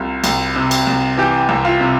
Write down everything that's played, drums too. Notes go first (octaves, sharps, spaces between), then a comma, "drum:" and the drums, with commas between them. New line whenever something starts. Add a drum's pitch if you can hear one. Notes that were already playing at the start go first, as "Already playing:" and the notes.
Already playing: C2 C3 F4
C2, drum: cymbal
C3
drum: cymbal
C2
E3 G4
C2
F4
C3